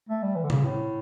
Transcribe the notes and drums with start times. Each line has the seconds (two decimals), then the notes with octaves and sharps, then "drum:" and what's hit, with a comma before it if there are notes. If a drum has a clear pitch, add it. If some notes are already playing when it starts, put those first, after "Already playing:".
0.09 A3
0.22 G3
0.36 E3
0.44 D3
0.50 C#3, drum: tom A#2
0.64 A2